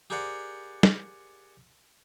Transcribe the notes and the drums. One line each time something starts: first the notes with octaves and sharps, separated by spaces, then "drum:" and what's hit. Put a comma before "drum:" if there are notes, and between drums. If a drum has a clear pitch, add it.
G4 G#4 A#4 C5 D5 F#5
drum: snare